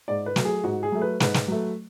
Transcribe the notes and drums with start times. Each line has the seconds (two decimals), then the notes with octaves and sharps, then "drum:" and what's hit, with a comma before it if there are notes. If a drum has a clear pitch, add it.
0.08 G#2 D5
0.26 B4
0.36 F#3 A3, drum: snare
0.45 G#4
0.64 G#2 F#4
0.83 G#4
0.92 F#3 A3
1.02 B4
1.20 G#2 B4, drum: snare
1.34 drum: snare
1.48 F#3 A3